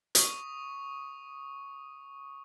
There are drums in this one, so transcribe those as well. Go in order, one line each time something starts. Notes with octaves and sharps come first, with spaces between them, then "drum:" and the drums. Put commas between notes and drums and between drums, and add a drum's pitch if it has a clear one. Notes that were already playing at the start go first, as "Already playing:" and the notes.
C#6 D#6, drum: hi-hat